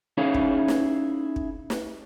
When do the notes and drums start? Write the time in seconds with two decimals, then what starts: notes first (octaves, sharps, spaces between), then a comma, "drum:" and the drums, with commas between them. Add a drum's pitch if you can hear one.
0.17 C#4 D#4 E4 G#4 C#5 F5
0.34 drum: kick
0.68 drum: snare
1.36 drum: kick
1.70 drum: snare